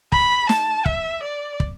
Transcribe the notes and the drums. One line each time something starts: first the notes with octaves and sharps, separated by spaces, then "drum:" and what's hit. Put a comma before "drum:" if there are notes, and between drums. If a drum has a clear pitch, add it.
B5, drum: kick
A5, drum: snare
E5, drum: kick
D5
drum: kick